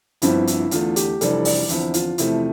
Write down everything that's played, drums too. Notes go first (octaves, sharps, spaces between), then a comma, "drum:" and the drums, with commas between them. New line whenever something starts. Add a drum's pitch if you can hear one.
G1 G2 D3 F3 C4 E4, drum: hi-hat
E4, drum: hi-hat
E2 D3 A3 F4, drum: hi-hat
G4, drum: hi-hat
F1 F2 E3 G3 D4 A4, drum: hi-hat
D5, drum: open hi-hat
E2 D3 F3 C4 E4, drum: hi-hat
F4, drum: hi-hat
E2 C3 F3 A3 C4 E4, drum: hi-hat